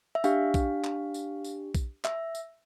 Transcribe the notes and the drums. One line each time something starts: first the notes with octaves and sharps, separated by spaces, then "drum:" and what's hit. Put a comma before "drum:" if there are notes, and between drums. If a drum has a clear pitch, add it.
E5
D4 G4 F5, drum: tambourine
drum: kick A#1, tambourine
drum: clap
drum: tambourine
drum: tambourine
drum: kick A#1, tambourine
E5, drum: clap
drum: tambourine